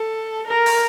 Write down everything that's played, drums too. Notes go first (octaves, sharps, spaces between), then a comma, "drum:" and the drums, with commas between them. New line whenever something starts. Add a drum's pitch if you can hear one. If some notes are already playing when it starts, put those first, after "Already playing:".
Already playing: A4
A#4
drum: open hi-hat